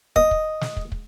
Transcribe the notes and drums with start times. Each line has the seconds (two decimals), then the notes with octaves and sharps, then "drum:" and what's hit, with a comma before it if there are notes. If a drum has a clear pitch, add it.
0.16 D#5, drum: kick
0.31 drum: kick
0.61 drum: snare
0.77 drum: kick
0.92 drum: kick